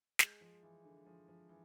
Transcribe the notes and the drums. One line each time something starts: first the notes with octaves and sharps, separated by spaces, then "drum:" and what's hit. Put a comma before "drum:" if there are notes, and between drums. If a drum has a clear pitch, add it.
G#3, drum: snare
F3
E3
D3
F3
F3
E3